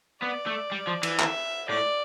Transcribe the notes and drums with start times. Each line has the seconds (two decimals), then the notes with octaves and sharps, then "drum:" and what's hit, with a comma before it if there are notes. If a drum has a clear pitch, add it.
0.22 B3 D5
0.46 A3
0.72 G3
0.87 F3
1.03 E3, drum: cymbal
1.19 E5, drum: clap
1.69 A2 D5